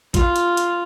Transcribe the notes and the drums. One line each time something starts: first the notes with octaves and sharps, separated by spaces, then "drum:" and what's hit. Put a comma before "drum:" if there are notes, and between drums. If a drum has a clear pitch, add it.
F4, drum: kick, hi-hat
drum: hi-hat
drum: hi-hat